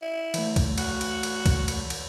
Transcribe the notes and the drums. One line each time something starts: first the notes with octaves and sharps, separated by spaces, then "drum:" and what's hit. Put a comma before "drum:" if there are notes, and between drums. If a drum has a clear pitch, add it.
E4
E3 A3, drum: cymbal
drum: kick C2, cymbal
F#4, drum: cymbal
drum: cymbal
drum: cymbal
drum: kick C2, cymbal
drum: cymbal
drum: cymbal